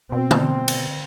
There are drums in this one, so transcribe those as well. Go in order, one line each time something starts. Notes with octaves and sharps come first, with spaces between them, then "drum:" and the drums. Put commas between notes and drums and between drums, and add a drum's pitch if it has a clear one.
B2 C4
drum: tom
drum: cymbal